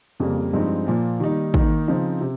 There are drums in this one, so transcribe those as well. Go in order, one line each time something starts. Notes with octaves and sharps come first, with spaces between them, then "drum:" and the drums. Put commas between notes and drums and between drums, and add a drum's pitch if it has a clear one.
F2 C#3 G3 A#3
G2 F3 G#3 C4 D#4
A#2 F3 A#3
D#3 G3 A#3 D#4
D#3 A#3 D#4, drum: kick
C#3 F3 C4 D#4
C3